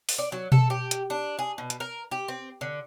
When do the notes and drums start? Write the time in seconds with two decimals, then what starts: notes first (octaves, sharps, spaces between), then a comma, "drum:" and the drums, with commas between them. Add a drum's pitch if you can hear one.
0.09 drum: open hi-hat
0.18 D5
0.32 F#3
0.52 A4, drum: tom B2
0.70 G4
0.91 drum: hi-hat
1.10 D4
1.39 G#4
1.58 B2
1.70 drum: hi-hat
1.80 A#4
2.11 G4
2.28 C4
2.61 D3